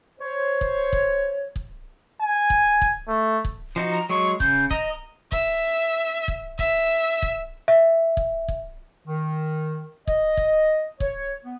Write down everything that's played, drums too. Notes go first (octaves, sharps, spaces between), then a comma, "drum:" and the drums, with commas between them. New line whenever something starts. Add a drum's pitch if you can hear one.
C5 C#5
drum: kick
drum: kick
drum: kick
G#5
drum: kick
drum: kick
A3
drum: kick
F3 D#4 F#4
A#5
F#3 G#3 C#6
C#3 G6, drum: kick
D#5 A#5, drum: kick
E5, drum: kick
drum: kick
E5, drum: kick
drum: kick
E5
drum: kick
drum: kick
D#3
D#5, drum: kick
drum: kick
C#5, drum: kick
B3